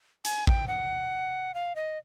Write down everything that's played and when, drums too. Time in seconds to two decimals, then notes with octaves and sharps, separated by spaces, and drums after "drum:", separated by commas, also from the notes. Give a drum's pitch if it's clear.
0.25 G#5, drum: hi-hat
0.47 G5, drum: kick
0.68 F#5
1.54 F5
1.76 D#5